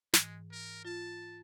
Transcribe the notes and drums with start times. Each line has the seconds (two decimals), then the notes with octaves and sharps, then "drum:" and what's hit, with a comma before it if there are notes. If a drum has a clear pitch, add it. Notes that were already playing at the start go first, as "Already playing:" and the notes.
0.13 G#2 E3 G#3, drum: snare
0.52 A#4
0.85 F4 A5